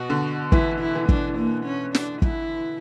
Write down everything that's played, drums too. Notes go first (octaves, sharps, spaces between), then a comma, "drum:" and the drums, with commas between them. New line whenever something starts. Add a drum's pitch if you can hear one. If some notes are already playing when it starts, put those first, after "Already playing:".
Already playing: B2 F#4
D3
E3 E4, drum: kick
E4
E3
D4, drum: kick
A#3
C#4
D4, drum: snare
E4, drum: kick